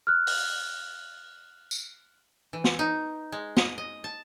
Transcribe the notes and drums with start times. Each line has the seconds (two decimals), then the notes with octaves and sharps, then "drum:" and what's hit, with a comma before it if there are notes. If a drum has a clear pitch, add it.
0.07 F6 F#6
0.27 drum: open hi-hat
1.71 drum: tambourine
2.53 E3
2.64 drum: snare
2.79 D#4
3.32 G#3
3.57 D#5, drum: snare
3.78 D#5
4.04 A5